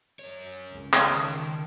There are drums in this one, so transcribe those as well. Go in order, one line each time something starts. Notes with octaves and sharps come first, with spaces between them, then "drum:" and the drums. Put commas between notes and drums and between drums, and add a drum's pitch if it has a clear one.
F#2 C#5
C#2 C#3
drum: clap
D#3 G5 A5